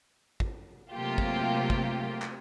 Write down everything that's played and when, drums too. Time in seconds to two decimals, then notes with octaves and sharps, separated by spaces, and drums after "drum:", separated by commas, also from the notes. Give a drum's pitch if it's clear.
0.40 drum: kick
0.92 C3 F#3 A3 A#3 F4 G4
1.18 drum: kick
1.70 drum: kick
2.22 drum: clap